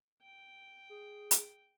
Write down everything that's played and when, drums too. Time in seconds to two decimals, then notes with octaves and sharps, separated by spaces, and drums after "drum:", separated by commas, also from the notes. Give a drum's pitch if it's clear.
0.22 G5
0.90 G#4
1.31 drum: hi-hat